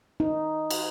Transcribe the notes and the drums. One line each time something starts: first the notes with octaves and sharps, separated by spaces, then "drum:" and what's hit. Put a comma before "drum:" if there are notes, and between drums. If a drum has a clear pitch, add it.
D#4
drum: cymbal